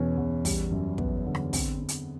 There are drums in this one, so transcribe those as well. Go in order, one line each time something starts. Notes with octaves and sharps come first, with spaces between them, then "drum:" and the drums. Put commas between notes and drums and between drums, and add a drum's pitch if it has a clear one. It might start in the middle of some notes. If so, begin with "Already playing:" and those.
Already playing: E2 B2 C#4
E2
G3, drum: kick, open hi-hat
F#2
B3, drum: kick
D3
drum: rim click
C4, drum: kick, open hi-hat
C4
drum: hi-hat